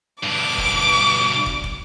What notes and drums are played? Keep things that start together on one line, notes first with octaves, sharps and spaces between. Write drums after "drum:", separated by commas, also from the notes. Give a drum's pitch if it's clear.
G2 B2 D6
drum: kick
drum: kick
drum: kick